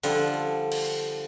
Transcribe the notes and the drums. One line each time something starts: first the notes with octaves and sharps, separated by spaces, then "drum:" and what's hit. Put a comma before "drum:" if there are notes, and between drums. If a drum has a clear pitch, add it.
D3 F3 G3 D4, drum: open hi-hat
drum: cymbal